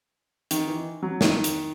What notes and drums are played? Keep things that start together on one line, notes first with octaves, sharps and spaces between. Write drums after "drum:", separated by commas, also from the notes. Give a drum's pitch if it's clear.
D#3, drum: hi-hat
E3
F#3
D#3, drum: snare
drum: hi-hat